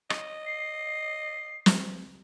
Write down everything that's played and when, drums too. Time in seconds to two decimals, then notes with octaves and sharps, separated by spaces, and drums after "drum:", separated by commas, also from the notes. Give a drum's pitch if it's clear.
0.10 D#5, drum: rim click
0.46 C7
1.66 drum: snare